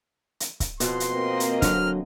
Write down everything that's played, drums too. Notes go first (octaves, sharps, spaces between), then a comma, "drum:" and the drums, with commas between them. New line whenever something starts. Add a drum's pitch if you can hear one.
drum: hi-hat
drum: kick C#1, hi-hat
F2 B2 C6, drum: hi-hat
drum: hi-hat
A#3 C4 D#5
drum: hi-hat
D3 F#3 F6, drum: kick C#1, hi-hat